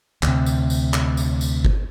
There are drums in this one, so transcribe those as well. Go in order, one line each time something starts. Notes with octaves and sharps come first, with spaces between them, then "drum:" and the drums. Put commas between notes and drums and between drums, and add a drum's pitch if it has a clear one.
D2 C3, drum: clap
drum: tambourine
drum: tambourine
drum: clap
drum: tambourine
drum: tambourine
drum: kick G1